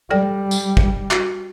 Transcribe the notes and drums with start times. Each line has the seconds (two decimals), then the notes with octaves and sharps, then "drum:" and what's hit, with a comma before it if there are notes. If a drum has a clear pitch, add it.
0.10 G3 A4 D5 G5
0.51 drum: tambourine
0.77 drum: kick
1.11 F#4, drum: clap